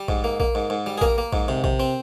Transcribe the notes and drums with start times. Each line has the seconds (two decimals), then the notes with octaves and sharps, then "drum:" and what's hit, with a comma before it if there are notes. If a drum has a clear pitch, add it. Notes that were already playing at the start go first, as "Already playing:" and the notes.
Already playing: G3
0.08 G#2, drum: kick A#1
0.24 A#3
0.40 A#3, drum: kick A#1
0.55 G#2
0.70 G#2
0.86 G3
0.98 G#4
1.01 A#3 A#4, drum: kick A#1
1.18 A#3
1.33 G#2, drum: kick A#1
1.48 C3
1.64 C3, drum: kick A#1
1.80 C4